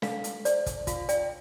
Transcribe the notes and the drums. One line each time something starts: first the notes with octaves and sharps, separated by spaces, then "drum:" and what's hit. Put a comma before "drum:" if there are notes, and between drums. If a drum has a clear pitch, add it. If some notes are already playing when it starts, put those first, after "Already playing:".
A4 F5, drum: snare
drum: hi-hat
C5 D5, drum: hi-hat
drum: kick, hi-hat
F4 F5, drum: kick, hi-hat
D5 G5, drum: hi-hat